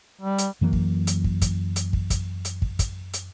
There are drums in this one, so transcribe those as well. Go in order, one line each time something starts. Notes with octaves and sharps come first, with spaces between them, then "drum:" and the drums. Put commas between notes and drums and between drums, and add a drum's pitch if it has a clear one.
G3
drum: hi-hat
F#2 E3 F#3 A#3
drum: kick
drum: hi-hat
drum: kick
drum: kick, hi-hat
drum: hi-hat
drum: kick
drum: kick, hi-hat
drum: hi-hat
drum: kick
drum: kick, hi-hat
drum: hi-hat